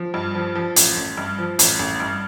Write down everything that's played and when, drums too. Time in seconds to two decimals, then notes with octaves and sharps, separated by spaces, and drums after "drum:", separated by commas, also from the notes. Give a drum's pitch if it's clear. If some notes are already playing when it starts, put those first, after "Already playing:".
Already playing: F3
0.14 G2
0.35 F3
0.55 F3
0.76 A1, drum: hi-hat
0.97 A1
1.17 G2
1.39 F3
1.59 A1, drum: hi-hat
1.79 A1
2.00 G2